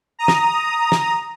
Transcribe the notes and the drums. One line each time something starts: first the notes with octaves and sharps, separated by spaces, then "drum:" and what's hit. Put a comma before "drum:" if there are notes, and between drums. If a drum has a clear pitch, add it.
A#5 D#6
drum: snare
drum: snare